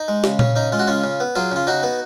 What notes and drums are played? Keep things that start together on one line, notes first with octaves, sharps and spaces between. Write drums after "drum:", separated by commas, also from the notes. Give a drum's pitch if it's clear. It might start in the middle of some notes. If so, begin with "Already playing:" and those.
Already playing: D#4
G#3
C#3, drum: snare
C#3 C#4, drum: tom A#2
C#4 D#4
G#3 F4
F#4
C#3 C#4 F4
C#3
B3
F#3 F4 G#4
C#3 F4
C#3 D#4 F#4
B3